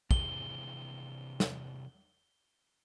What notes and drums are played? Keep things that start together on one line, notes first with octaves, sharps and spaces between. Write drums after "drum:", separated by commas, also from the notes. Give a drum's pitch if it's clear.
C3 E3 G#4 G7, drum: kick
drum: snare